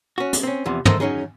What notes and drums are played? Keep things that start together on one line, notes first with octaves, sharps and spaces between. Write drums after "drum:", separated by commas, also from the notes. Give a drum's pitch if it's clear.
C#4 F#4
drum: hi-hat
C4 C#4
E2 C3 F3
A4 A#4 C5 D#5 E5, drum: tom
F#2 C#4 D#4 G#4